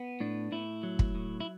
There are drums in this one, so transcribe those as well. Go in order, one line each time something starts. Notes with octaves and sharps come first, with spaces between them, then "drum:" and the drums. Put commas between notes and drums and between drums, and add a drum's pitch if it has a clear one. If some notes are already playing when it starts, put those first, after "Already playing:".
Already playing: B3
A2 D4
A2 E4
F#3
drum: kick
A2
E4